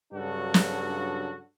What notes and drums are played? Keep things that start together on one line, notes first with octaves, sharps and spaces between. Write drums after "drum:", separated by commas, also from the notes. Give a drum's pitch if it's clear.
G2 C#3 F#3 D4 F#4 A4
drum: snare